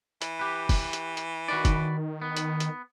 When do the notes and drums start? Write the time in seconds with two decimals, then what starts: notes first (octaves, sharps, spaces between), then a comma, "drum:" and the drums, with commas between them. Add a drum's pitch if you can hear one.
0.22 E3, drum: hi-hat
0.39 G4 B4
0.69 drum: kick, open hi-hat
0.93 drum: hi-hat
1.17 drum: hi-hat
1.48 D#3 F#4 B4 D5
1.65 drum: kick, hi-hat
2.22 B3
2.37 drum: hi-hat
2.60 drum: hi-hat